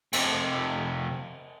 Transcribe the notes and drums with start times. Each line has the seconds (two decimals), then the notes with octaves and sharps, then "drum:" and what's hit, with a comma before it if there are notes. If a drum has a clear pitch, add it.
0.13 F2 C3, drum: cymbal